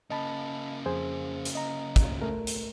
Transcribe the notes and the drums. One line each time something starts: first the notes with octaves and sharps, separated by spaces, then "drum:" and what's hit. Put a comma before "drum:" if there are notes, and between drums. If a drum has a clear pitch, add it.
C#3 A#3 D#5 A5 B5
F2 G#4 C5
drum: hi-hat
D#5 A#5
drum: kick, hi-hat
A3 A#4
drum: hi-hat